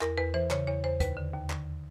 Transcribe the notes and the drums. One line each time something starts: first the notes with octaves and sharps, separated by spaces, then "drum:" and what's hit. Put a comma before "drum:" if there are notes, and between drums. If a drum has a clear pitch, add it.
E2 A#4, drum: clap
E2 B4
E3 C5
C#3 C#5, drum: clap
E2 C#5
E2 C5
D#2 B4, drum: kick, hi-hat
D3
D#2
D3, drum: clap